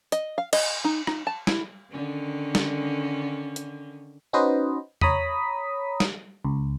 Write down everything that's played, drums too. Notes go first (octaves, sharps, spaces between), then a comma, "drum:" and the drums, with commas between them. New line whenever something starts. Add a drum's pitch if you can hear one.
D#5, drum: hi-hat
F5
D#5, drum: cymbal
D#4
D#4, drum: rim click
A5
E4, drum: snare
D3 D#3 C#4
drum: snare
drum: hi-hat
C#4 D#4 F#4 B4 C5 D#5
C#5 A#5 B5 D#6 B6, drum: tom E2
drum: snare
C#2